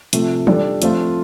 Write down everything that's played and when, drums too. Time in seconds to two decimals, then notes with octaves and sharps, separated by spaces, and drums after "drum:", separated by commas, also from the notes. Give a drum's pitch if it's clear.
0.13 C3 F3 A3, drum: hi-hat
0.47 G3 D4 A4, drum: tom
0.82 F3 A3 C4 F4, drum: hi-hat